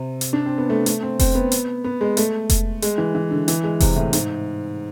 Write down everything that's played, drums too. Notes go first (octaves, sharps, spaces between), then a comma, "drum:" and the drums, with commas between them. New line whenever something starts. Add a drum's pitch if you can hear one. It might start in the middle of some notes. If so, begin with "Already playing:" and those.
Already playing: C3
drum: hi-hat
D4
C4
B3
A3
A3, drum: hi-hat
C4
C4, drum: kick F1, open hi-hat
B3
drum: hi-hat
B3
G#3
A3, drum: hi-hat
drum: kick F1, hi-hat
G#3, drum: hi-hat
E3
E3
D3
E3, drum: hi-hat
G#3
C3, drum: kick F1, open hi-hat
A2
G#2, drum: hi-hat